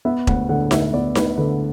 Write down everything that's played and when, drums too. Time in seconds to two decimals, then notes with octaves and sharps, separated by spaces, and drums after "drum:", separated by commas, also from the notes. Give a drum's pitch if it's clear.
0.05 B3 E5
0.27 D2 F#5, drum: kick E1
0.49 D3 F#5
0.71 D2 E5, drum: snare D#4
0.93 B3 D5
1.15 D2 B4, drum: snare D#4
1.37 D3 B4